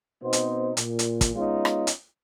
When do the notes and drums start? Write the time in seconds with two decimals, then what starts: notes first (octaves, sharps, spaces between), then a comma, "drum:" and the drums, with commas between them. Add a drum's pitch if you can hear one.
0.22 B2 B3 C4 D#4 C5
0.33 drum: hi-hat
0.77 A#2, drum: hi-hat
0.99 drum: hi-hat
1.21 drum: kick, hi-hat
1.35 G#3 B3 C#4 D#4 F4
1.65 drum: rim click
1.87 drum: hi-hat